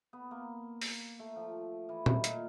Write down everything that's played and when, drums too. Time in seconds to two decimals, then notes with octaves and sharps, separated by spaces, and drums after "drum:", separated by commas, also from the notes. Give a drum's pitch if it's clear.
0.13 B3
0.31 A#3
0.81 drum: open hi-hat
1.19 A3
1.36 F3
1.89 E3
2.06 D#3, drum: tom A#2
2.24 A#2, drum: hi-hat